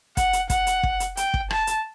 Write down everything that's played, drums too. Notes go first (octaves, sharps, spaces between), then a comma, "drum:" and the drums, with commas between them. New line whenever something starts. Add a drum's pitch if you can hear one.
F#5, drum: kick, hi-hat
drum: hi-hat
F#5, drum: kick, hi-hat
drum: hi-hat
drum: kick
drum: hi-hat
G5, drum: hi-hat
drum: kick
A5, drum: rim click
drum: hi-hat